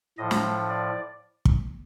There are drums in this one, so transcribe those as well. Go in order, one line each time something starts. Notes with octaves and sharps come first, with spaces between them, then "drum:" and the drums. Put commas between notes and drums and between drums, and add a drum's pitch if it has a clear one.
A2 F3 D#5
drum: snare
D5
drum: kick